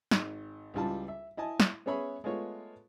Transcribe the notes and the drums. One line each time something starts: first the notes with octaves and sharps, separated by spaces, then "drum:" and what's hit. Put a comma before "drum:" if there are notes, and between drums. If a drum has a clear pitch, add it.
G#1, drum: snare
C#2 E3 G3 F4 A5
E5
E4 D#5 G#5 A5
drum: snare
B3 C#4 G#4 C#5 E5 B5
G#3 A3 B3 F4 C#5